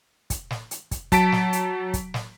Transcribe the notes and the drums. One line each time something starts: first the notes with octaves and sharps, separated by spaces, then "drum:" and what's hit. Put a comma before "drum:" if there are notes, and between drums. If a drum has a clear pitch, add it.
drum: kick, hi-hat
drum: snare
drum: hi-hat
drum: kick, hi-hat
F#3 A5 B6 D7, drum: kick, hi-hat
drum: snare
drum: hi-hat
drum: kick, hi-hat
drum: snare